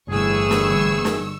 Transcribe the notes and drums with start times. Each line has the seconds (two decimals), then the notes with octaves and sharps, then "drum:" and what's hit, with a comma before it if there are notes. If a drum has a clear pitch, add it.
0.10 G1 A2 E3 G#4 C#6 E6
0.51 drum: snare
1.05 drum: snare